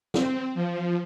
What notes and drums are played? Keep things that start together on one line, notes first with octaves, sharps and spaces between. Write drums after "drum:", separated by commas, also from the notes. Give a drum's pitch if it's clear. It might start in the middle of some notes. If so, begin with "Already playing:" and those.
C4, drum: snare
F3